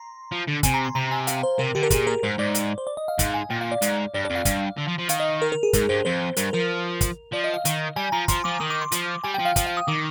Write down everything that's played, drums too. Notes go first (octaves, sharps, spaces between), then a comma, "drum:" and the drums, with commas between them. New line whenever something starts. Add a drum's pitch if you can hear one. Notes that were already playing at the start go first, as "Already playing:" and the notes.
Already playing: A#5 C6
F3
D3
C3 G#5, drum: kick, hi-hat
A#5
C6
C3 A#5
G#5
F5, drum: hi-hat
C5
C3 A#4
D3 G4
A#4
A#2 G#4, drum: kick, hi-hat
A#4
G#2 C5
G#2 D5
drum: hi-hat
C5
D5
D#5
F5
G#2 F5, drum: kick, hi-hat
G#5
A#2 G5
F5
D5
G#2, drum: hi-hat
G2 D5
D5
F2
F5
G2, drum: kick, hi-hat
D3
F3
F3
D#3 F5, drum: hi-hat
D#5
A#4
A#4
G#4
G#2 A#4, drum: kick, hi-hat
G2 C5
F2 C5
G2 A#4, drum: hi-hat
F3 A#4
drum: kick, hi-hat
F3 D5
D#5
F5
D#3, drum: hi-hat
G3 G#5
F3 A#5
F3 C6, drum: kick, hi-hat
F3 D6
D#3 D#6
D6
C6
F3, drum: hi-hat
G3 G#5
G5
F3
F5
F3 F5, drum: kick, hi-hat
F5
D#6
D#3 D6